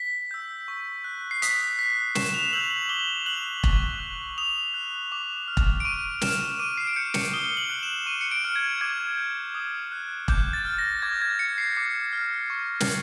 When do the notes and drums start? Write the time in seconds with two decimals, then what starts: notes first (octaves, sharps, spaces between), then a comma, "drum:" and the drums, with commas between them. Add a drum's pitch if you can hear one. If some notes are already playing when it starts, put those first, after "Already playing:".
Already playing: B6
0.31 E6 G6
0.68 C#6
1.04 F#6
1.31 C7
1.42 D#6 B6, drum: hi-hat
1.79 F#6 B6
2.15 C#6 E7, drum: snare
2.29 E7
2.34 F7
2.53 E6 G6 F#7
2.70 F#7
2.89 D6 G7
3.26 F#6 F#7
3.64 C#6, drum: kick E1
4.00 F#6
4.38 D#6 F7
4.74 F#6
5.12 D6
5.48 F6
5.57 drum: kick E1
5.80 D7
5.85 C#6 D#7
6.21 F6 E7, drum: snare
6.60 D6 D#7
6.78 C7
6.87 D7
6.96 G6 C#7
7.14 C#7, drum: snare
7.33 D#6 G7
7.57 F#7
7.70 F#6
7.83 E7
8.06 C#6 D#7
8.21 C#7
8.31 D7
8.44 F6
8.56 G#6
8.81 D6 G#6
9.17 G6
9.55 D#6
9.92 F#6
10.28 D6 G6, drum: kick E1
10.53 A6
10.65 F6
10.79 A#6
11.02 D6 G#6
11.22 G#6
11.39 G6 C#7
11.58 C7
11.77 D6 C7
12.13 F6
12.50 C#6
12.80 drum: snare